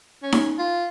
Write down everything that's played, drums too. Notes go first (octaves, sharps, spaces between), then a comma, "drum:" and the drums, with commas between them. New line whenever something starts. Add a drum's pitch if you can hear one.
C#4
drum: snare D#4
F4